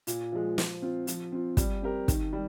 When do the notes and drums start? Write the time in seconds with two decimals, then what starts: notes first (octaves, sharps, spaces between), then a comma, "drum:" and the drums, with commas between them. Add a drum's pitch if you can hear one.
0.07 A#2, drum: hi-hat
0.32 F3 G#3
0.58 F3, drum: snare
0.82 C4 F4
1.07 F3, drum: hi-hat
1.32 C4 F4
1.57 G3, drum: kick, hi-hat
1.82 C4 G4 A#4
2.08 D#3, drum: kick, hi-hat
2.33 G3